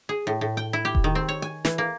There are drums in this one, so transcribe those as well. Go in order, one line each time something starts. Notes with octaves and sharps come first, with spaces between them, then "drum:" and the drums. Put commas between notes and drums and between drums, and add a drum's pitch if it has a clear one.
G#4
A2
A2
G5
E4
G4
drum: kick E1
D#3
C4
C#5
G#5
E3, drum: snare
A#3